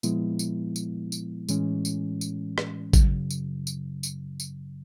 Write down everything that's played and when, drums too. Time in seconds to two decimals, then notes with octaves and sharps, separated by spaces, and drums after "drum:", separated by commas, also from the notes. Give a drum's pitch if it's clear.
0.03 A#2 F3 G#3 B3 E4, drum: tambourine
0.39 drum: tambourine
0.76 drum: tambourine
1.12 drum: tambourine
1.49 A2 E3 G#3 C#4, drum: tambourine
1.85 drum: tambourine
2.21 drum: tambourine
2.58 drum: rim click
2.93 F#2 C#3 F#3, drum: kick, tambourine
3.30 drum: tambourine
3.67 drum: tambourine
4.03 drum: tambourine
4.40 drum: tambourine